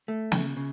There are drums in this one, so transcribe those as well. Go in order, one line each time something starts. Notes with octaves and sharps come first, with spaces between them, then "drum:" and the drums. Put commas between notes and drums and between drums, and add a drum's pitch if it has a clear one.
A3
C#3, drum: snare
C#3